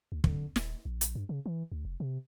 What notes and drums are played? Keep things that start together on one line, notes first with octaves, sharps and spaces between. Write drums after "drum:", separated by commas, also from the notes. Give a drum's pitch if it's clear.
D2
D3, drum: kick
D#1, drum: snare
A#1
drum: hi-hat
G2
C#3
E3
D2
F1
C3